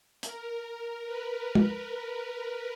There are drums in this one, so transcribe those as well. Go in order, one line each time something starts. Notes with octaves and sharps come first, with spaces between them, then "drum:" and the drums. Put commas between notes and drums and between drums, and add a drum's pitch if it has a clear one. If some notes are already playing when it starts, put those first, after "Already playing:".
A#4, drum: hi-hat
B4
drum: tom